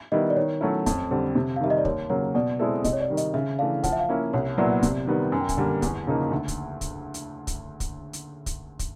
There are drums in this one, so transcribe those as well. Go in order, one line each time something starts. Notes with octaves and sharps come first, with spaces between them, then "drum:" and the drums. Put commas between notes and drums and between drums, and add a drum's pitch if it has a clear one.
D#3 G3 B3 E4 D#5
D5
D#3 C#5
F#3 A3 C#4 E4
F2, drum: kick, hi-hat
D3 G3 C4
C3
F5
D#3 G3 E5
D#5
D5
D#2 C#5, drum: kick
C#3 F#3 A#3 C#5
B2 D5
G#3 C4 E4 A4 D5
C3 D#5, drum: kick, hi-hat
C#5
D5
D#3 G3
D#5, drum: hi-hat
C#3 E5
E3 A3 D4 F5
F3 F#5, drum: kick, hi-hat
E5
F5
A#3 C#4 E4
C2 C#5
A#2 F#3 B3 E4 D5
C3, drum: kick, hi-hat
D#3 G3 B3
F#2 G#5
G5
G#5, drum: kick, hi-hat
D3 G3 A#3
E2, drum: kick, hi-hat
C#3 F3 A#3 D#4
D2
drum: kick, hi-hat
drum: kick, hi-hat
drum: hi-hat
drum: kick, hi-hat
drum: kick, hi-hat
drum: hi-hat
drum: kick, hi-hat
drum: kick, hi-hat